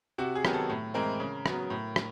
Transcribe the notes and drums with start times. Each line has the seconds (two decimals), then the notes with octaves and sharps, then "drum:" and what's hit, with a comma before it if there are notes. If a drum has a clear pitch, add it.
0.18 C3 F#4
0.35 G#4
0.45 D#3 F#3 B3, drum: rim click
0.53 A4
0.69 A2
0.94 E3 G#3 C4 A#4
1.20 C#3
1.46 F#3 B3, drum: rim click
1.70 A2
1.96 drum: rim click